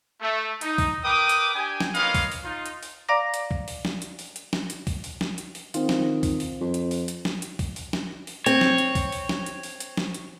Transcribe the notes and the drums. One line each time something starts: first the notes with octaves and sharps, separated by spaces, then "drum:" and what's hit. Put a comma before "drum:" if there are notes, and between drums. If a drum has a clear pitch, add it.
A3
D#4, drum: hi-hat
drum: kick, open hi-hat
A#4 B4 G5 D6 D#6
drum: hi-hat
D4 G4 G5 G#5
drum: snare
A#3 F4 B4 C#5 D#5 F5, drum: hi-hat
drum: kick, open hi-hat
drum: open hi-hat
D#4 F4
drum: hi-hat
drum: open hi-hat
D5 F5 A#5 D6 A#6
drum: hi-hat
drum: kick
drum: open hi-hat
drum: snare
drum: hi-hat
drum: open hi-hat
drum: hi-hat
drum: snare
drum: hi-hat
drum: kick, open hi-hat
drum: open hi-hat
drum: snare
drum: hi-hat
drum: open hi-hat
D#3 C4 F4, drum: hi-hat
drum: snare
drum: kick, open hi-hat
drum: open hi-hat
F2
drum: hi-hat
drum: open hi-hat
drum: hi-hat
drum: snare
drum: hi-hat
drum: kick, open hi-hat
drum: open hi-hat
drum: snare
drum: open hi-hat
C4 C#5, drum: hi-hat
drum: snare
drum: hi-hat
drum: kick, open hi-hat
drum: open hi-hat
drum: snare
drum: hi-hat
drum: open hi-hat
drum: hi-hat
drum: snare
drum: hi-hat